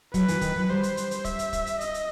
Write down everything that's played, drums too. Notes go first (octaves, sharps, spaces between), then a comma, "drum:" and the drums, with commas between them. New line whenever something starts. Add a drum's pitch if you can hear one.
F#3 B4, drum: kick, hi-hat
E3, drum: hi-hat
D#3, drum: kick, hi-hat
F#3
G3 C5
drum: hi-hat
drum: hi-hat
drum: hi-hat
E5, drum: kick, hi-hat
drum: hi-hat
drum: kick, hi-hat
drum: hi-hat
D#5, drum: hi-hat
drum: hi-hat